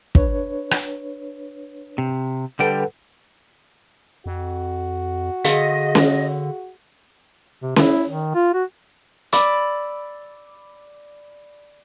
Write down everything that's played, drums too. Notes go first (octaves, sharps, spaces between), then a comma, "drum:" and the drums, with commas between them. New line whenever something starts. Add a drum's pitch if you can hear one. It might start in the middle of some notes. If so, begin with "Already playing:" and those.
D4 B4 C#5, drum: kick
drum: rim click
C3
D3 G3 A4 B4 F#5 G5
F2 F#4
D3 G#4 D#5 F5 B6, drum: hi-hat
drum: snare C#4
C3
E4, drum: snare C#4
D#3
F4
F#4
D5 B5 D6 E6, drum: hi-hat